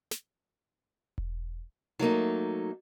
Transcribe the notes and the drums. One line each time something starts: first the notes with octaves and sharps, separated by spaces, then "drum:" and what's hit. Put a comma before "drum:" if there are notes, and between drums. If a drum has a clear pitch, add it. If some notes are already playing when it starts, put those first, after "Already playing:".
drum: snare
drum: kick E1
F#3 A3 A#3 D#4, drum: tom D#4